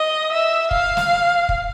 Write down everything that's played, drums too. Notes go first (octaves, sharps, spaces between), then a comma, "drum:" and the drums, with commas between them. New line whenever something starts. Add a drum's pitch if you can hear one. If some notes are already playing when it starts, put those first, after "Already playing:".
Already playing: D#5
E5
F5, drum: kick
drum: snare
drum: kick